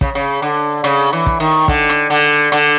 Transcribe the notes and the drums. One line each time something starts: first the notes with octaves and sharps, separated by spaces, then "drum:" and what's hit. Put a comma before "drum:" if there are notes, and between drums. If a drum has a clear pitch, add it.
C#3, drum: kick
C#3
D3
C#3, drum: rim click
E3
drum: kick
D#3
D3, drum: kick
drum: rim click
D3
D3, drum: rim click